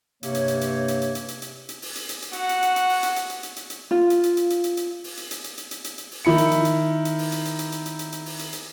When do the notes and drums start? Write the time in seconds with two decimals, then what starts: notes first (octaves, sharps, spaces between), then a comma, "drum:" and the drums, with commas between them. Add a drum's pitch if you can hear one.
0.23 G2 C3 A#3 C#5, drum: hi-hat
0.35 drum: hi-hat
0.48 drum: hi-hat
0.61 drum: hi-hat
0.88 drum: hi-hat
1.02 drum: hi-hat
1.15 drum: hi-hat
1.28 drum: hi-hat
1.42 drum: hi-hat
1.69 drum: hi-hat
1.82 drum: open hi-hat
1.95 drum: hi-hat
2.09 drum: hi-hat
2.22 drum: hi-hat
2.33 F#4 F#5, drum: hi-hat
2.49 drum: hi-hat
2.63 drum: hi-hat
2.76 drum: hi-hat
2.89 drum: open hi-hat
3.03 drum: hi-hat
3.16 drum: hi-hat
3.30 drum: hi-hat
3.43 drum: hi-hat
3.56 drum: hi-hat
3.70 drum: hi-hat
3.91 F4
4.10 drum: hi-hat
4.23 drum: hi-hat
4.37 drum: hi-hat
4.50 drum: hi-hat
4.64 drum: hi-hat
4.77 drum: hi-hat
5.04 drum: open hi-hat
5.17 drum: hi-hat
5.31 drum: hi-hat
5.44 drum: hi-hat
5.58 drum: hi-hat
5.71 drum: hi-hat
5.84 drum: hi-hat
5.98 drum: hi-hat
6.11 drum: open hi-hat
6.25 D#3 E4 B5 C#7
6.38 drum: hi-hat
6.51 drum: hi-hat
6.65 drum: hi-hat
7.05 drum: hi-hat
7.19 drum: open hi-hat
7.32 drum: hi-hat
7.45 drum: hi-hat
7.59 drum: hi-hat
7.72 drum: hi-hat
7.86 drum: hi-hat
7.99 drum: hi-hat
8.12 drum: hi-hat
8.26 drum: open hi-hat
8.39 drum: hi-hat
8.53 drum: hi-hat